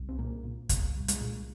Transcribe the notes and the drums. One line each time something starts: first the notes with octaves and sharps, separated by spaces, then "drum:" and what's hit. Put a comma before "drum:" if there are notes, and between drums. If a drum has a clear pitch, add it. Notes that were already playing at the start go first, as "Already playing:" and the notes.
Already playing: C2
C4
A#2 A#3
A#2
C2, drum: kick, hi-hat
C2
G#3, drum: hi-hat
A#2